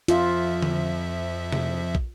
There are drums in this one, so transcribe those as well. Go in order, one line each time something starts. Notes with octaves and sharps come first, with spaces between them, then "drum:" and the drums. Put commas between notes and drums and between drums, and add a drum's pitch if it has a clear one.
F2 F3 F4 E5, drum: hi-hat
drum: tom D3
drum: tom C3
drum: kick